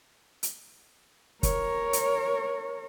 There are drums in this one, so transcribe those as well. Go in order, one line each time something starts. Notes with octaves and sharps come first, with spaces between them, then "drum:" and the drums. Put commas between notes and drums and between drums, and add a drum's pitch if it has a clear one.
drum: hi-hat
A#4 C#5, drum: kick, hi-hat
drum: hi-hat